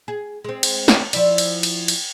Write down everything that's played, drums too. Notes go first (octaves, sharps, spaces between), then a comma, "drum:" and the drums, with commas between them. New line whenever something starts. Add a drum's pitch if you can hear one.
G#4
G#3 C4
drum: cymbal
drum: snare
F3 E4 D5, drum: cymbal
drum: cymbal
drum: cymbal
drum: cymbal